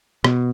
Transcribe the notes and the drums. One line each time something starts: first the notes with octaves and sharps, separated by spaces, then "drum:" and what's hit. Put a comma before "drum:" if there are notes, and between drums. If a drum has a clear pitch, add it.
B2, drum: rim click